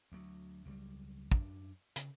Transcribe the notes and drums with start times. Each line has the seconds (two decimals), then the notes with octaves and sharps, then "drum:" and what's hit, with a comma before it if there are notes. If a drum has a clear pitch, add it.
0.12 D2 F#3
0.66 C#2 F#3 G3
1.32 F#2 D4, drum: kick
1.96 C#3, drum: hi-hat